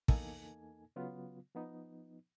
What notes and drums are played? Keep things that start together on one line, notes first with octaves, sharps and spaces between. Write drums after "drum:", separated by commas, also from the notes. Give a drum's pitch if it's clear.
E2 A#3 D#4 A4 G#5 G#6, drum: kick
C#3 F#3 B3 F4
F3 B3 D#4